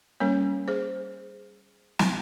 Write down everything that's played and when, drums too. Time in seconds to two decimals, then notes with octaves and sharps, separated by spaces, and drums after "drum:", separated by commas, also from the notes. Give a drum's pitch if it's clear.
0.20 G3 A#3 C#4 A#4 C#5
0.68 G#4 C5
1.99 drum: snare